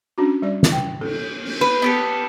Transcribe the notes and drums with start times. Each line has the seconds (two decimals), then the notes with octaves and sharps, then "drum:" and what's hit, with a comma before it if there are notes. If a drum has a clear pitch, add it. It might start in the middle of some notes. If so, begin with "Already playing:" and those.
0.18 C#4 D4 F#4
0.42 G3 D5
0.63 drum: snare E3
0.72 G5
1.01 A4, drum: cymbal
1.45 drum: cymbal
1.61 B4
1.82 B3 G4 A4